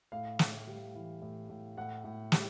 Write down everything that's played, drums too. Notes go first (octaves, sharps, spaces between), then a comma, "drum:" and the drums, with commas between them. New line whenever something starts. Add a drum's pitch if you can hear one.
A2 F5
A2, drum: snare
G3
E3
A2
A2
A2 F#5
A2
G3, drum: snare